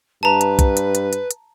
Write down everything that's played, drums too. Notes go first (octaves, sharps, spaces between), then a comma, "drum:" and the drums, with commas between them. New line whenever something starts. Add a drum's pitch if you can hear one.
G2 B4 A5 A#5
drum: hi-hat
drum: kick B1, hi-hat
drum: hi-hat
drum: hi-hat
drum: hi-hat
drum: hi-hat